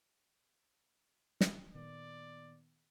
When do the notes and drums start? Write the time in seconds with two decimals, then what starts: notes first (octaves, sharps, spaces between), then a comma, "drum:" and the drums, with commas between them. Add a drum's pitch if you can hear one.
1.41 drum: snare
1.74 A#2 D#3 B3 D5